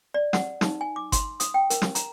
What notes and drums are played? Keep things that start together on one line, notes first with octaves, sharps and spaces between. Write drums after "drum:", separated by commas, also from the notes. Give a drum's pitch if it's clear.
D5
F#5, drum: snare
D#4, drum: snare
G#5
D6
C6, drum: kick G1, hi-hat
D#6, drum: hi-hat
G5
A#4, drum: hi-hat
drum: snare
A#5, drum: hi-hat